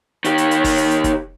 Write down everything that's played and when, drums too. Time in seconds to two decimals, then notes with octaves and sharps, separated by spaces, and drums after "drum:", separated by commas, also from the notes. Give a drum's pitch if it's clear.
0.25 D#3 G4, drum: hi-hat
0.38 drum: hi-hat
0.51 drum: hi-hat
0.64 drum: kick, open hi-hat
0.78 drum: hi-hat
0.91 drum: hi-hat
1.04 drum: kick, hi-hat